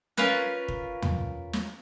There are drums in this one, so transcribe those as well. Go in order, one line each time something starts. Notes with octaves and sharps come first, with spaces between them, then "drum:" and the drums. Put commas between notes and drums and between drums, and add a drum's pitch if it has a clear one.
C#4 F4 A#4 B4, drum: snare
drum: kick
drum: tom
drum: snare